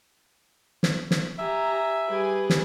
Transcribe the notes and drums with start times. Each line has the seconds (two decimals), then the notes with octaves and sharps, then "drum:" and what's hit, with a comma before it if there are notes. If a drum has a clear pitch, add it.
0.83 drum: snare
1.11 drum: snare
1.38 G4 E5 G#5 A#5
2.08 G3 G#4 B4 G#5
2.50 drum: snare